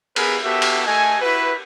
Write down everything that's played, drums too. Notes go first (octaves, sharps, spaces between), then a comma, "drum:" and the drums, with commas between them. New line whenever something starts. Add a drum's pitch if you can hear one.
B3 G#4 A#4 B4, drum: cymbal
B3 F#4 G4 A4 E5
drum: cymbal
A3 A4 D#5 G#5
E4 F#4 B4